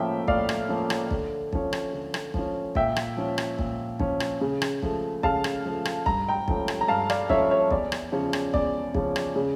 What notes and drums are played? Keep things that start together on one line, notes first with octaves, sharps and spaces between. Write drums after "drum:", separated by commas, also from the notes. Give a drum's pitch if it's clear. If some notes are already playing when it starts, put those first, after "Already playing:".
Already playing: A2 F3 A#3 C#4 E5 G5
A2 D5 F5, drum: kick
drum: rim click
F3 A#3 C#4
drum: rim click
D3, drum: kick
F3 C#4, drum: kick
drum: rim click
D3
drum: rim click
F3 C#4, drum: kick
A#2 E5 G5, drum: kick
drum: rim click
F3 C#4
drum: rim click
A#2, drum: kick
F3 C#4, drum: kick
drum: rim click
C#3
drum: rim click
F3 A3, drum: kick
C#3 F5 A5, drum: kick
drum: rim click
F3 A3
drum: rim click
G2 A#5, drum: kick
G5 A#5
F3 A3 C#4, drum: kick
drum: rim click
A#5
G2 F5 A5
D5 F5, drum: rim click
F3 A3 C#4 C#5 E5, drum: kick
C#5 E5
E2 D5, drum: kick
drum: rim click
C#3 F3 C#4 C#5
drum: rim click
E2 D5, drum: kick
C#3 F3 C#4, drum: kick
drum: rim click
C#3